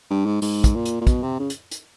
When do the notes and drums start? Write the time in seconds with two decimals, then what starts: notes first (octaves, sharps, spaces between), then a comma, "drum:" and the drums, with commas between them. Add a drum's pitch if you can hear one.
0.10 G2
0.26 G#2
0.42 G#2, drum: open hi-hat
0.64 drum: kick, hi-hat
0.75 A#2
0.85 drum: hi-hat
1.01 A#2
1.07 B2, drum: kick, hi-hat
1.23 C3
1.39 C#3
1.50 drum: hi-hat
1.71 drum: hi-hat